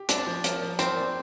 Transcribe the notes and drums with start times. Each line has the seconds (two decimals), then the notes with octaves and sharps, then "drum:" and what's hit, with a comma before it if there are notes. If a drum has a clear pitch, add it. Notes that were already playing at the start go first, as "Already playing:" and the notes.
Already playing: G4
0.09 C4 D4, drum: hi-hat
0.27 F3
0.44 A#4, drum: hi-hat
0.62 F3
0.79 C4 A#4, drum: hi-hat
0.97 D5